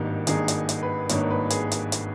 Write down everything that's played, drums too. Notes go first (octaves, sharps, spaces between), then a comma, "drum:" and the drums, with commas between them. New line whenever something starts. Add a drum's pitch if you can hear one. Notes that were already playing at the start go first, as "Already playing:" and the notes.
Already playing: G#1 G2 D#3 A#3 D#4 G4
G#1 G2 D#3 A#3 D#4 G#4, drum: hi-hat
drum: hi-hat
drum: hi-hat
B4
G#1 G2 D#3 A#3 D#4 C#5, drum: hi-hat
B4
G#4, drum: hi-hat
drum: hi-hat
drum: hi-hat